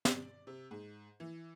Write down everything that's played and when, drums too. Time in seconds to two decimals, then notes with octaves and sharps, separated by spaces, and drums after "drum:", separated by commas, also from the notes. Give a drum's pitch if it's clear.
0.05 D5, drum: snare
0.47 C3
0.71 G#2
1.20 E3